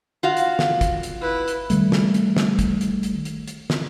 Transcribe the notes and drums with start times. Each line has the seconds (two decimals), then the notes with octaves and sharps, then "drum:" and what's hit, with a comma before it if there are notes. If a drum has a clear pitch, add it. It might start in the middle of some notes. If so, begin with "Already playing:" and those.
0.23 F4 F#4 F5
0.37 drum: hi-hat
0.59 drum: snare
0.81 drum: kick, hi-hat
1.03 drum: hi-hat
1.21 E4 B4
1.48 drum: hi-hat
1.70 D#3 G3 A3, drum: hi-hat
1.92 drum: snare
2.14 drum: hi-hat
2.37 drum: snare
2.59 drum: kick, hi-hat
2.81 drum: hi-hat
3.03 drum: hi-hat
3.25 drum: hi-hat
3.48 drum: hi-hat
3.70 drum: snare